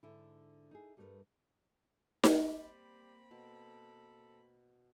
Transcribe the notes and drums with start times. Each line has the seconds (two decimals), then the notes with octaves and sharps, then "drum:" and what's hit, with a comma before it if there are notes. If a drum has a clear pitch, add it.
0.03 G#2 D3 E4
0.71 D#4 E4 G#4
0.97 G2 G3 A3 B3 A#4 B4
2.24 drum: snare D#4
2.45 G3 A#3 C4 B5
3.31 B2 A4